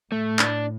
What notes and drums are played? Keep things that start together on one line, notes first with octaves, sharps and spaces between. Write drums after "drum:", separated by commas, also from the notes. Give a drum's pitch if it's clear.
A2 A3
D4, drum: clap